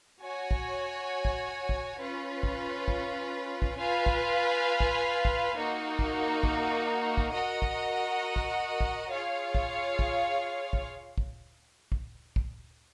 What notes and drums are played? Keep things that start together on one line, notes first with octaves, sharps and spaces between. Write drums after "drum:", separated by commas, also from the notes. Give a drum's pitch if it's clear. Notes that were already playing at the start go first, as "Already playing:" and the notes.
F#4 C#5 G#5
drum: kick
drum: kick
drum: kick
C#4 F4 B4
drum: kick
drum: kick
drum: kick
F4 B4 F5 G#5
drum: kick
drum: kick
drum: kick
A#3 D#4 F#4
drum: kick
drum: kick
drum: kick
F#4 A#4 D#5 F#5
drum: kick
drum: kick
drum: kick
F4 G#4 C#5 F5
drum: kick
drum: kick
drum: kick
drum: kick
drum: kick
drum: kick